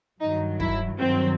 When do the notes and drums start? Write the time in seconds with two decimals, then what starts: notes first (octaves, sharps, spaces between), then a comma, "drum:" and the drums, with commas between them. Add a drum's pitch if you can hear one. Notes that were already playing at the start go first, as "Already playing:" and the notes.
0.19 G2 D#3 F#3 D#4
0.60 E4, drum: kick
0.99 G2 D#3 F#3 C4